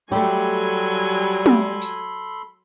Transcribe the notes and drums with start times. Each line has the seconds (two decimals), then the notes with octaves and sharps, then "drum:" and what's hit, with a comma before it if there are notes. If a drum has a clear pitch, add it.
0.12 F#3 G3 A3 G4 A4 G#5 B5 C6
1.46 drum: tom
1.82 drum: tambourine